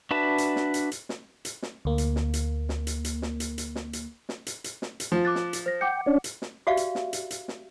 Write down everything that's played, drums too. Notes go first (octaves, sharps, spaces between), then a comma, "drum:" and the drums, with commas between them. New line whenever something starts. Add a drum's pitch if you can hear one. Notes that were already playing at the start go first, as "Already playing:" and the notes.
D4 F#4 B4 E5 A5
drum: hi-hat
drum: snare
drum: hi-hat
drum: hi-hat
drum: snare
drum: hi-hat
drum: snare
D2 A#3
drum: hi-hat
drum: snare
drum: hi-hat
drum: snare
drum: hi-hat
drum: hi-hat
drum: snare
drum: hi-hat
drum: hi-hat
drum: snare
drum: hi-hat
drum: snare
drum: hi-hat
drum: hi-hat
drum: snare
drum: hi-hat
F3 C5
D6 F#6 A6
drum: snare
drum: hi-hat
C5 A#6
F#5 G5 D6 C#7
C#4 D4
drum: hi-hat
drum: snare
F#4 G4 D5 E5 F5
drum: hi-hat
drum: snare
drum: hi-hat
drum: hi-hat
drum: snare